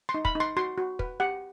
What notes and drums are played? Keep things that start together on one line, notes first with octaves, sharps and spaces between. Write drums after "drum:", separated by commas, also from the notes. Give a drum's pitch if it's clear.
C6
D#4
B5, drum: kick
D#4
C6
F#4 C6
F#4
B4, drum: kick
G4 F#5